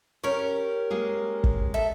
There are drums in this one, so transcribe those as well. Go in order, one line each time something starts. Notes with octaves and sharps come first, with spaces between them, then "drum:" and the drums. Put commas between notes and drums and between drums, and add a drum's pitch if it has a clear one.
C#4 G4 A#4 C#5
G#3 A#3 G#4
drum: kick
A4 E5